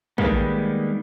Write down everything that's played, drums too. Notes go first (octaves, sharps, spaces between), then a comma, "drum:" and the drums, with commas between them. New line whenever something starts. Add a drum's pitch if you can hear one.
D#3 G3 G#3 A#3 B3, drum: kick